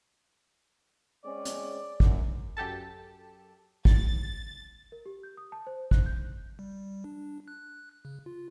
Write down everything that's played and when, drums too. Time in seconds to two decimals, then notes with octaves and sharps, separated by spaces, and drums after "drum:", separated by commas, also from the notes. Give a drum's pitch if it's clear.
1.24 G#3 C4 C#4 D5
1.45 drum: hi-hat
2.00 F#2, drum: kick
2.57 F#2 G4 A4 A5
3.85 A6, drum: kick
4.92 A#4
5.06 G4
5.23 G6
5.37 D#6
5.52 A5
5.67 C5
5.91 F#6, drum: kick
6.06 G6
6.59 G3
7.04 D4
7.48 F#6
8.05 C#3
8.26 F4